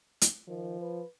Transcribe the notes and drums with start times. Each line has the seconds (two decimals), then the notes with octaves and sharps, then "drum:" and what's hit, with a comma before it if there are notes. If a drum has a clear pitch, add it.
0.21 drum: hi-hat
0.48 D#3 F3
0.80 B4